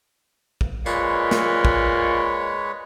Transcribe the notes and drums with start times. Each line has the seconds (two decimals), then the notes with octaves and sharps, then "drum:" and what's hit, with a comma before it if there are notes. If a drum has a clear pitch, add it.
0.61 drum: kick
0.86 A#2 G#3 B4 C#5, drum: tambourine
1.31 drum: snare
1.65 drum: kick